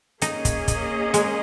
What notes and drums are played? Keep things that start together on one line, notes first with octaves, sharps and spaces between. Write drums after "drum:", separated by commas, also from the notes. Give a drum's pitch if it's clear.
A#3 C#4 D#4 G#4 D#5, drum: hi-hat
drum: kick, hi-hat
drum: kick, hi-hat
G#3, drum: hi-hat